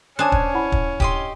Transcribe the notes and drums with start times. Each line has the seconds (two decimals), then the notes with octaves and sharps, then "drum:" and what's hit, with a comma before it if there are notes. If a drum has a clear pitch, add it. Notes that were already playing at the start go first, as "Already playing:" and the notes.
0.19 C#4 D4 C5 G#5 D6 D#6 F#6
0.32 drum: kick
0.55 E4 F#5 B5
0.72 drum: kick
1.00 G4 D#5 C6, drum: kick